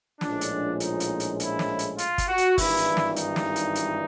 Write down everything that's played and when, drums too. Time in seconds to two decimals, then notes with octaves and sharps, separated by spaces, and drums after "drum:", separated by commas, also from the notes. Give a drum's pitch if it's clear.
0.21 A#1 A2 F3 G#3 C#4 D4, drum: snare
0.41 drum: hi-hat
0.80 D#4, drum: hi-hat
1.00 drum: hi-hat
1.20 drum: hi-hat
1.40 E4, drum: hi-hat
1.59 drum: snare
1.79 drum: hi-hat
1.98 F4, drum: hi-hat
2.18 drum: kick G1, hi-hat
2.28 F#4
2.38 drum: hi-hat
2.58 G#1 G2 E3 G3 E4, drum: kick G1, open hi-hat
2.77 drum: hi-hat
2.97 drum: snare
3.16 D#4, drum: hi-hat
3.36 drum: snare
3.56 drum: hi-hat
3.75 drum: hi-hat